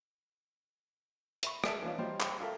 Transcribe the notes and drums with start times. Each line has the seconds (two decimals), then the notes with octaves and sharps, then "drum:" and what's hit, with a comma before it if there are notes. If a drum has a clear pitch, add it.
1.43 E5 B5 C#6, drum: hi-hat
1.64 G#4 D5 E5 A5, drum: rim click
1.83 E3 B3 C#4 D#4 F4
1.98 F#3 G3 D#4 F4 C5 F5
2.20 C5 G5, drum: clap
2.40 F4 A4 A#4 E5 F5